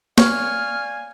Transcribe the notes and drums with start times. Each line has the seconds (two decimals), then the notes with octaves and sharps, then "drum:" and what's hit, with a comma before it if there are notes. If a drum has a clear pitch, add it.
0.18 C#5 D5 F5 G#5 F6, drum: snare